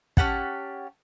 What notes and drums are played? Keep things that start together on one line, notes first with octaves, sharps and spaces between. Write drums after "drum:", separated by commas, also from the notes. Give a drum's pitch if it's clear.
C#4 G4 F#5 A5, drum: kick